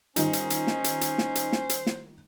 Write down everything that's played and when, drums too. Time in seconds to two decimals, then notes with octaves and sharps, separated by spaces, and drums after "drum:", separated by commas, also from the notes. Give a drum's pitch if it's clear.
0.16 D#3 G3 C#4 D#4 F4 C5, drum: hi-hat
0.33 drum: hi-hat
0.50 drum: hi-hat
0.67 drum: snare
0.84 drum: hi-hat
1.01 drum: hi-hat
1.18 drum: snare
1.35 drum: hi-hat
1.52 drum: snare
1.69 drum: hi-hat
1.87 drum: snare